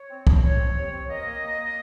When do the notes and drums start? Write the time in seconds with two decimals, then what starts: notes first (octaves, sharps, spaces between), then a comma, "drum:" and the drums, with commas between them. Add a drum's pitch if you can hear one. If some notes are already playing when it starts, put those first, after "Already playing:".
Already playing: C#5
0.10 C4
0.27 F3, drum: kick
0.43 C4 C#5
0.60 C4
0.76 C3
0.93 C4
1.09 A#3 D#5
1.26 A#3
1.42 A#3
1.58 A#3